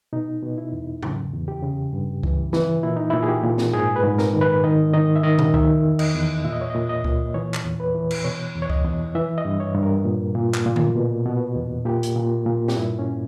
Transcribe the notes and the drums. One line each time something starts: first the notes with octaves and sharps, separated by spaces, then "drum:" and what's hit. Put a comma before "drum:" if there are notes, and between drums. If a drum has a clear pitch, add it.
B2 D#4
B2
E4
E2
C#3, drum: tom G#2
E2
G4
C#3
G2
E3, drum: kick C#2
E3, drum: snare
A#2 E4
D#4
A#2 E4
G#4
G4
A#2
drum: snare
G#2 G#4
B4
G#2
A#4, drum: snare
D#3
B4
D#3 D#5
D#3 D#5
E5
D#3 D#5
drum: tom A#2
D#3 E5, drum: kick C#2
E2
D#5, drum: cymbal
E2
A#2 E5
D#5
C#5
A#2 D#5
D#5
A#2, drum: kick C#2
E3 C#5
drum: clap
E2
B4
E3
drum: cymbal
B2 C#5
E2
C#5
D#5, drum: kick C#2
E2
E3 E5
D#5
G2
C#5
G2
A#4
A#2
A#2
drum: clap
A#2
drum: tom D3
B2
B2
E2
A#2 G4
drum: hi-hat
A#2
A#2
G4, drum: snare
G2 E4
C#4